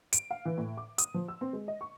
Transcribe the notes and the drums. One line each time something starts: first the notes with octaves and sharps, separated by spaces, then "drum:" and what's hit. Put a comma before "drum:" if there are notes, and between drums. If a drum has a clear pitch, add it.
D7, drum: hi-hat
F5
E3
A2
D6
D#6, drum: hi-hat
F3
E6
C4
G#3
D#5
C#6